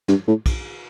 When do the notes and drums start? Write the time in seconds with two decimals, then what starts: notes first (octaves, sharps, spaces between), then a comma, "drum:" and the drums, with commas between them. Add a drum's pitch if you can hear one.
0.08 G2, drum: snare
0.27 A2
0.46 drum: kick, cymbal